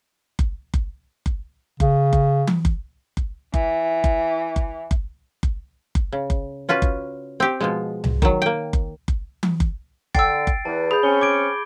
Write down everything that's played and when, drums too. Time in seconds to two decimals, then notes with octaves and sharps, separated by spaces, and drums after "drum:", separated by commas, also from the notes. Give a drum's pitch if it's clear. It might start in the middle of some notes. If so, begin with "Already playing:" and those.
0.39 drum: kick F#1
0.74 drum: kick F#1
1.26 drum: kick F#1
1.80 C#3, drum: kick F#1
2.13 drum: kick F#1
2.47 drum: tom E3
2.65 drum: kick F#1
3.17 drum: kick F#1
3.54 E3, drum: kick F#1
4.04 drum: kick F#1
4.56 drum: kick F#1
4.91 drum: kick F#1
5.43 drum: kick F#1
5.95 drum: kick F#1
6.12 C#3
6.30 drum: kick F#1
6.69 C#4 F4 F#4 B4
6.82 drum: kick F#1
7.40 C4 G4
7.60 B2 F3 G#3
8.04 drum: tom C2
8.22 D#3 F#3, drum: kick F#1
8.42 A#3 G5
8.73 drum: kick F#1
9.08 drum: kick F#1
9.43 drum: tom E3
9.60 drum: kick F#1
10.15 D3 G5 E6 A6 C7 D7, drum: kick F#1
10.47 drum: kick F#1
10.65 E2 E3 A5
10.91 G#4 B5 G6
11.03 C4 C#4 G7
11.22 D6 G#6 D7